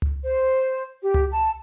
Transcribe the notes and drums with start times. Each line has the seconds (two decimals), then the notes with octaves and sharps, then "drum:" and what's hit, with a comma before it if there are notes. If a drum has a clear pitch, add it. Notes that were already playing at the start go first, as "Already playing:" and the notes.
0.02 drum: tom C#2
0.24 C5
1.01 G4
1.14 drum: tom C#2
1.31 A5